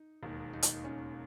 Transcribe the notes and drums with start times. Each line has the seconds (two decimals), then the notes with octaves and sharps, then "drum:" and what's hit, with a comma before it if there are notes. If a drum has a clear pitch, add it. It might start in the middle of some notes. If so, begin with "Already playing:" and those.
Already playing: D#4
0.23 E1 D#2 D#3
0.53 D#4
0.63 drum: hi-hat
0.84 C#4